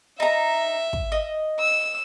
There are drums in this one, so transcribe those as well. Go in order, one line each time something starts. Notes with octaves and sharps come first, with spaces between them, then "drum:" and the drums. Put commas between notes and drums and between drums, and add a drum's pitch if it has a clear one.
D#4 E5 A#5
drum: kick
D#5
E6